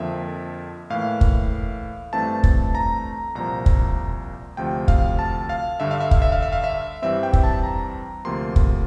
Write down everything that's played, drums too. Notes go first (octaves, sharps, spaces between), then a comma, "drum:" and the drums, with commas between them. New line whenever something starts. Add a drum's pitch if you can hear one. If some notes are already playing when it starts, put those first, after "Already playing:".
Already playing: F2 D3 F3 A#3 E5
A2 E3 A#3 F5
drum: kick
G2 E3 A3 C4 A5
drum: kick
A#5
C2 A#2 F3 C4 A#5
drum: kick
D2 C3 F3 G5
F5, drum: kick
A5
F5
G2 D3 G3 E5
F5
E5
F5, drum: kick
E5
F5
E5
F5
E5
G2 E3 G3 C4 E5
G5
drum: kick
A5
A#5
D2 C3 F3 A#3 C6
drum: kick